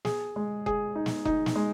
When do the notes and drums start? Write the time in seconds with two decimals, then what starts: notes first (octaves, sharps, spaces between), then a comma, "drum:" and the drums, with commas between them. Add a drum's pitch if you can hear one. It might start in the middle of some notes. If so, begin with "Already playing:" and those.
0.05 G#4, drum: snare
0.36 G#3
0.66 G#4, drum: kick F1
0.96 D#4
1.06 drum: snare
1.25 D#4, drum: kick F1
1.46 drum: snare
1.56 G#3